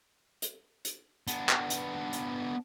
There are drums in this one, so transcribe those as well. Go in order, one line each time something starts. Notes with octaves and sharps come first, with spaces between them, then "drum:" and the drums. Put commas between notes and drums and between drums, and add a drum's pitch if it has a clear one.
drum: hi-hat
drum: hi-hat
B3 D4, drum: hi-hat
drum: clap
drum: hi-hat
drum: hi-hat